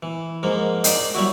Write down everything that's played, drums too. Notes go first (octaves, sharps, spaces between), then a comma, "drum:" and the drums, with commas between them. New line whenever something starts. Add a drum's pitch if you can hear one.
E3
G#2 F3 A#3
D#4 D5, drum: hi-hat
F#3 G3 E4 F#4